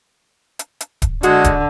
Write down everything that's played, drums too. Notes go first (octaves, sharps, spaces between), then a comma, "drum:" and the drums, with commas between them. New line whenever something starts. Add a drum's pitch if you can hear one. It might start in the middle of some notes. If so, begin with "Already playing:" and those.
drum: hi-hat
drum: hi-hat
drum: kick D1, hi-hat
D3 G#3 F#4, drum: hi-hat
drum: kick D1, hi-hat